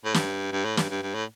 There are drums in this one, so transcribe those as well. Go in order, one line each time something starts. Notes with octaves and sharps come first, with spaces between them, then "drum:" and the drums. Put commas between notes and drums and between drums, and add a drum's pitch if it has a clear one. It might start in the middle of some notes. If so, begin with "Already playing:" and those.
A2
G2, drum: snare
G2
A2
G2, drum: snare
G2
G2
A2